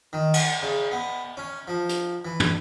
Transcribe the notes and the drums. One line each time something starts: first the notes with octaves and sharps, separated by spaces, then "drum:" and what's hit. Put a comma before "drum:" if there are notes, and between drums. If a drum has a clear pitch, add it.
D#3
F#5, drum: cymbal
C#3
B3
C#4
F3
drum: hi-hat
E3
drum: tom